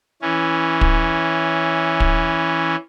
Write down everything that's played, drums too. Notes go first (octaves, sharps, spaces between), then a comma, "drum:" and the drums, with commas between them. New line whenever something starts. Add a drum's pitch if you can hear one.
E3 C#4
drum: kick
drum: kick